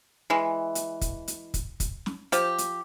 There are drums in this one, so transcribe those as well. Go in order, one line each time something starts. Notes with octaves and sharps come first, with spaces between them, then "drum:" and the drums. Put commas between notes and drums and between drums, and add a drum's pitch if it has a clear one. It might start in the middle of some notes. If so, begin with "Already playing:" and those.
E3 G#3
drum: hi-hat
drum: kick, hi-hat
drum: hi-hat
drum: kick, hi-hat
drum: kick, hi-hat
drum: snare
F3 G4, drum: hi-hat
drum: hi-hat